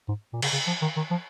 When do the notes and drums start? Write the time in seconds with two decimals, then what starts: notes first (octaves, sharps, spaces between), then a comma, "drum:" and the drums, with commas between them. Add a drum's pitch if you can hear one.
0.08 G#2
0.33 A#2
0.42 C#3, drum: cymbal
0.53 C#3
0.67 F3
0.82 D#3
0.97 D#3
1.11 F3